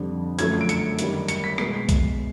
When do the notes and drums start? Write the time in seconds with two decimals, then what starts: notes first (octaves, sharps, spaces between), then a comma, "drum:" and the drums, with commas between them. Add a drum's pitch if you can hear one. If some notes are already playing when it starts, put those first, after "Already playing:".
Already playing: F2 D3 G3
0.39 F#2 D3 F3 A3 G#6, drum: hi-hat
0.61 D7
0.69 C#7, drum: hi-hat
0.99 F#2 D#3 G3, drum: hi-hat
1.28 C#7, drum: hi-hat
1.44 B6
1.58 B2 G#3 B3 C7, drum: rim click
1.89 drum: kick, hi-hat